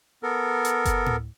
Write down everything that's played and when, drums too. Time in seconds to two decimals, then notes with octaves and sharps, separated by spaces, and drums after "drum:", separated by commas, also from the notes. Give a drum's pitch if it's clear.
0.23 B3 A4 A#4
0.65 drum: hi-hat
0.85 drum: kick F#1, hi-hat
1.06 drum: tom A2